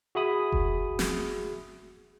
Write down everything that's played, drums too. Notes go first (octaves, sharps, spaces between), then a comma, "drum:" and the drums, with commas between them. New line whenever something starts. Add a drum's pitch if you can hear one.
F#4 G#4 E5 B5 D#6
drum: kick F1
drum: snare